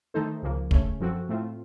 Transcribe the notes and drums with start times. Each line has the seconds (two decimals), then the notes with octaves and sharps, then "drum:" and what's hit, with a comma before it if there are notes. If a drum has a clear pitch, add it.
0.14 D#3 A3 D#4 A4 C5
0.42 C#2 C#3 F3 A#3
0.71 C#3 A3 C#4, drum: kick
1.00 F#2 F3 C4 F#4 A4
1.28 A2 A3 C4 F4